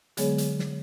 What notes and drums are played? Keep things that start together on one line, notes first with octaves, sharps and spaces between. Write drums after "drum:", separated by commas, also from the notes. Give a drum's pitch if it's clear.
D3 F#3 G#3 B3 G#4 C#5, drum: hi-hat
drum: hi-hat
drum: snare